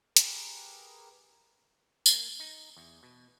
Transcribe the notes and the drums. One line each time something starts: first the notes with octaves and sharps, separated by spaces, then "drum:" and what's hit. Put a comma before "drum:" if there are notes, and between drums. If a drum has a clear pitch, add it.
G4 G#4 A#4 B4, drum: hi-hat
A#3, drum: tambourine
D#4
E2
B2